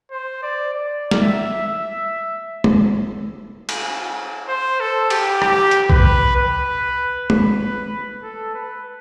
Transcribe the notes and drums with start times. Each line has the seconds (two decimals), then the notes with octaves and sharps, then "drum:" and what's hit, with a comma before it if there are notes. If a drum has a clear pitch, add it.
0.11 C5
0.43 D5
0.74 D5
1.11 drum: snare
1.21 E5
1.67 E5
2.64 drum: tom
3.69 drum: cymbal
4.48 C5
4.80 A4
5.10 G4, drum: cymbal
5.42 G4, drum: rim click
5.71 drum: hi-hat
5.90 B4, drum: kick B1
6.36 B4
7.30 B4, drum: tom
8.23 A4
8.55 B4